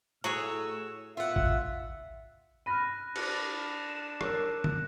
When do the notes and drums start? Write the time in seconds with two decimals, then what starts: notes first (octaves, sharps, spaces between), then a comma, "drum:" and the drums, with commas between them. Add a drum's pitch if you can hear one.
0.24 A2 F#3 F#4 G#4 C#5 E6
1.17 F4 E5 F#5
1.36 drum: kick A1
2.66 B5 F6 F#6 A#6 D#7
3.16 D4 C#7, drum: cymbal
3.89 E7
4.21 A#4 C#5 E6 F#6, drum: rim click
4.64 drum: tom